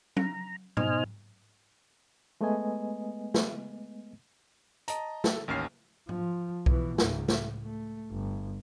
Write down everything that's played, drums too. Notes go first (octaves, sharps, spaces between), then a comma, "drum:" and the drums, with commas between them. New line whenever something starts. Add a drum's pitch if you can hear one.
A#5, drum: tom F#3
B2 D#4 C5 D#5 G#5 F6, drum: tom G#2
G#3 A3 B3 B4 D#5 G#5
drum: snare
D#5 A5 A#5, drum: hi-hat
A4, drum: snare
A1 D#2 C#4 F6 C7
F3, drum: tom G#2
B2 E3, drum: kick B1
C#2 G#2, drum: snare
A2, drum: snare
A3
G1